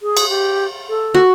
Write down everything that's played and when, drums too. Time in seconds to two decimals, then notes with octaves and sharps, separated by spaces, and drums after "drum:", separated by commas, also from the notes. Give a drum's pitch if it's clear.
0.01 G#4
0.17 drum: cymbal
0.29 G4
0.89 A4
1.14 F#4